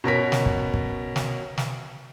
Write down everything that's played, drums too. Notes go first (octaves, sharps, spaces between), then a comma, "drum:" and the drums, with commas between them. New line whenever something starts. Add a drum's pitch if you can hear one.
B2 C#4 A#4 B6
drum: snare
drum: kick
drum: kick
drum: snare
drum: snare